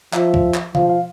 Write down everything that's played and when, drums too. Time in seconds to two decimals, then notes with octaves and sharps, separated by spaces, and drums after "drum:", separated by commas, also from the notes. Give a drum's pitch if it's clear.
0.13 F3 E5, drum: clap
0.34 drum: kick
0.54 drum: clap
0.75 F3 F5, drum: tom B2
0.90 F5